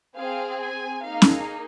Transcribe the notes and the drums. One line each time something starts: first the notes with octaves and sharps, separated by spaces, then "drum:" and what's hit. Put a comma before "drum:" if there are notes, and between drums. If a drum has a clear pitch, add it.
C4 G#4 F5
G#5
A#3 D#4 G#4 F5
drum: snare C#4